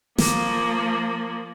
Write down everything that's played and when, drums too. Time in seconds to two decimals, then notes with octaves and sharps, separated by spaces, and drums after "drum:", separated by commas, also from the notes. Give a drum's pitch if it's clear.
0.18 F3 A#3, drum: snare